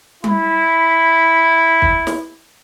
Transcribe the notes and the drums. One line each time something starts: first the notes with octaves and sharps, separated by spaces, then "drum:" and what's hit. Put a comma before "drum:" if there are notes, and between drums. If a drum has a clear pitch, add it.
E4 B5, drum: tom G3
drum: kick
drum: snare